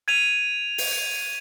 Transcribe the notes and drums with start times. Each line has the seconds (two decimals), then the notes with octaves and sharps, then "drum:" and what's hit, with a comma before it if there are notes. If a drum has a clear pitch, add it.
0.08 G#6 D#7 F7
0.78 drum: open hi-hat